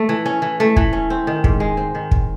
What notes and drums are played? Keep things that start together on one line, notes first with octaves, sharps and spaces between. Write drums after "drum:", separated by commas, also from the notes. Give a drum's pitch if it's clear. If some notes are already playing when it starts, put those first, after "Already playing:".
Already playing: A3
E3
C#4
E3
A3
E3, drum: kick
C#4
C4
D#3
G#2, drum: kick
G#3
C4
D#3
drum: kick